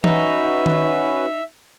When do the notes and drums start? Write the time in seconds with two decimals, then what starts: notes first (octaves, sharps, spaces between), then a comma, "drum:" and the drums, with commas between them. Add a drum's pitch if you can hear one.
0.04 C#4 D#4 F#4 B4 E5, drum: tom E3
0.66 drum: tom D#3